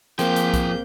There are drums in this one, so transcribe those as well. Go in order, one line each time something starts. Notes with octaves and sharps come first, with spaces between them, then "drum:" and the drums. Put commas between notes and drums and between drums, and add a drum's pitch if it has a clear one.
F3 A#3 C4 G#4 A#4 C5 G5 G6, drum: hi-hat
drum: hi-hat
drum: kick B1, hi-hat